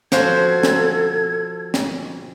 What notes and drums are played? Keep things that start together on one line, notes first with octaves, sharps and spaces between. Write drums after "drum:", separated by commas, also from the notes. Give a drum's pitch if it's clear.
F3 F#4 A4 C5 G#6, drum: snare
drum: snare
drum: snare